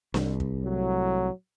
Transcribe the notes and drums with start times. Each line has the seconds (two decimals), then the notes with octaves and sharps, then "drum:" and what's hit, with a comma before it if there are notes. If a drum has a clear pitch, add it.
0.14 C2, drum: snare
0.40 drum: kick
0.64 A2 F#3